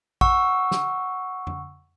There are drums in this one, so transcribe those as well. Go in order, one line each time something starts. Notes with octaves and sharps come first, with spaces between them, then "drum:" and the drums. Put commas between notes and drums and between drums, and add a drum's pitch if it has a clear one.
F#5 C#6 E6, drum: kick
drum: snare
drum: tom F2